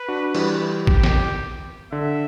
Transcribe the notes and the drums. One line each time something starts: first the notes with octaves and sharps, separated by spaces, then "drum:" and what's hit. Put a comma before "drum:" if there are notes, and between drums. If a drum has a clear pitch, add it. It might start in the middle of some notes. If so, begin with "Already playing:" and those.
Already playing: B4
D4 F#4
E3 G3, drum: cymbal
G4, drum: kick A1
drum: snare
D3 E5